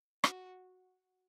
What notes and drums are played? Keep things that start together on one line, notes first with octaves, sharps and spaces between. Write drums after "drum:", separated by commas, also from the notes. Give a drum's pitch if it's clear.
F#4, drum: rim click